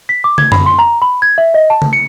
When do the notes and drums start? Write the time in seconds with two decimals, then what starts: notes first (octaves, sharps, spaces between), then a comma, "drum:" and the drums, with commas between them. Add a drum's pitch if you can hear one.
0.09 B6
0.24 D6
0.38 G#6, drum: tom
0.52 B5, drum: tom F#2
0.66 C6
0.79 A#5
1.02 B5
1.22 G#6
1.38 E5
1.54 D#5
1.70 A5
1.82 drum: tom
1.93 C#7